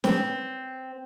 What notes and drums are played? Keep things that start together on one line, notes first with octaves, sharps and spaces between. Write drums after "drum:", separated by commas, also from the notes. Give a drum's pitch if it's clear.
C4, drum: snare